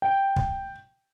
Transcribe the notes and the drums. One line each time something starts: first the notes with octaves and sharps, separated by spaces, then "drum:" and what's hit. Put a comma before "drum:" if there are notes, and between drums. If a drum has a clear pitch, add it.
G5
drum: kick